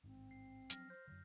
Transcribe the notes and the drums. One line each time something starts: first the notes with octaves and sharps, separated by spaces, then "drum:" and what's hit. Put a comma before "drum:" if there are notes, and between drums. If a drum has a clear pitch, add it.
A1 G#2 D#3 C4
C7
F3 F#3 D4 F6 A#6, drum: hi-hat
C5 G6
F#2 D3 F#3